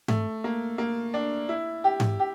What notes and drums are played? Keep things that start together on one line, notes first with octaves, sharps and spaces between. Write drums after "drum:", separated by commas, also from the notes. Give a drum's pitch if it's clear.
A3, drum: tom G#2
A#3
A#3
D4
E4
G4
drum: tom G#2
G4